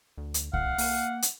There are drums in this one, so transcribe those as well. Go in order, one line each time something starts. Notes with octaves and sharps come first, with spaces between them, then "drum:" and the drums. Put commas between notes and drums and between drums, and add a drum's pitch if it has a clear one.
D2
drum: hi-hat
A#1 F5 F#5, drum: kick C2
A#3, drum: open hi-hat
drum: hi-hat